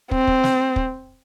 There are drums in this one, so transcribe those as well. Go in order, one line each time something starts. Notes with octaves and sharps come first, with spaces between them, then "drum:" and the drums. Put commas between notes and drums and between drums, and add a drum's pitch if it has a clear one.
C4, drum: kick
drum: kick
drum: snare
drum: kick